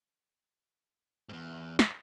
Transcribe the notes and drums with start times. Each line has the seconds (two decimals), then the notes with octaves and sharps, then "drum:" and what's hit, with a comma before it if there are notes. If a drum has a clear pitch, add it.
1.29 E2 G#2
1.79 drum: snare